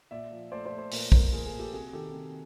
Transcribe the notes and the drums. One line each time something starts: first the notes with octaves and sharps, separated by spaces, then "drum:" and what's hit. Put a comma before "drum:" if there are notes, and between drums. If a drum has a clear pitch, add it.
A#2 D5 E5
F3
A3 C5 D5
C5 D5
A3
C5 D5
A#2 A#4 C5, drum: open hi-hat
F3 A#4 C5, drum: kick
A#2 G#4 A#4
G#4 A#4
A#2
G4 A4
C3 F#4 G#4
D#3 G4 A4
C3